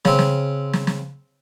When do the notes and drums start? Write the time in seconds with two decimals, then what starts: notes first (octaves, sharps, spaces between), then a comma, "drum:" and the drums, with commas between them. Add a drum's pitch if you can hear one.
0.05 C#3 C4, drum: snare
0.19 drum: snare
0.73 drum: snare
0.87 drum: snare